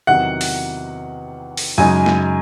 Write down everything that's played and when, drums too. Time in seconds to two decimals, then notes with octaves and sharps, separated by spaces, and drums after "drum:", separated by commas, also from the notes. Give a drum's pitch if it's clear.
0.07 E2 C3 D#3 F#3 F#5
0.41 drum: open hi-hat
1.57 drum: open hi-hat
1.78 F#2 C#3 G#3 D#4 G#5
2.06 drum: snare